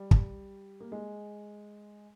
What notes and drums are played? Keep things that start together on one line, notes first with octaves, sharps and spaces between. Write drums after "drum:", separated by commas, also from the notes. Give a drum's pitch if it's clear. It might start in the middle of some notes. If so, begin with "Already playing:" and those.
Already playing: G3
drum: kick
A#3
G#3